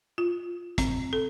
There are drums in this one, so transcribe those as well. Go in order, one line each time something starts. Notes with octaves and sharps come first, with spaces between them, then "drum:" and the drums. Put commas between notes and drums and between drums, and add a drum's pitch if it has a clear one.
F4
C4, drum: kick, hi-hat
A4